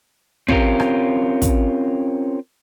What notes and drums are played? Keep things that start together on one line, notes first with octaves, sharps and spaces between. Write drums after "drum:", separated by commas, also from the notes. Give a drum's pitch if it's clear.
C4 C#4 F4 G4 A#4, drum: kick
drum: rim click
drum: kick, hi-hat